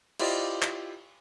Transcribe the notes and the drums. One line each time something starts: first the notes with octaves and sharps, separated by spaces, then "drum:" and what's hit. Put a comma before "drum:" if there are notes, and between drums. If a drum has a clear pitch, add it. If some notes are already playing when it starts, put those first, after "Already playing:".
E4 F4 G4 C5 D5 D#5, drum: cymbal
drum: clap